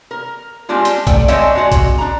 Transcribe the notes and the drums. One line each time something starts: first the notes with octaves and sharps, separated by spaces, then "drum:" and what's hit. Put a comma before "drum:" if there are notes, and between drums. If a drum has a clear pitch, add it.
A#4
G3 G#3 C4 D4 F4
drum: hi-hat
A3 D5 G5, drum: kick A#1, hi-hat
G#3 C4 D4 C#5 D#5 E5, drum: hi-hat
G#3 C4 F#4 D5
drum: kick A#1, hi-hat
D4 A#5